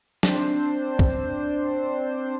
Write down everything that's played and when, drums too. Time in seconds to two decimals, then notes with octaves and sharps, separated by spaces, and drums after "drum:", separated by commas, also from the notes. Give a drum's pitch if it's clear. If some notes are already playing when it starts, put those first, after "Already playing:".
0.23 C4 D4 C5, drum: snare
0.99 drum: kick